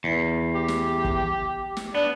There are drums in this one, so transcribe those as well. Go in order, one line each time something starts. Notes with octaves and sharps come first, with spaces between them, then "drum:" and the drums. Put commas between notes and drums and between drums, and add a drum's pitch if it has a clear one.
E2
G4
drum: snare
drum: kick
drum: snare
B3 D4